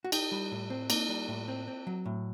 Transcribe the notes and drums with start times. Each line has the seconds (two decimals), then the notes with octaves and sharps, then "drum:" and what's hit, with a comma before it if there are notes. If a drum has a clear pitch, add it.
0.04 F#4
0.12 D#4 G4, drum: cymbal
0.32 G3
0.51 A2
0.70 C4
0.90 A#3 D#4 A#4, drum: cymbal
1.09 G3
1.28 A2
1.48 C4
1.67 C4
1.87 F#3
2.06 A2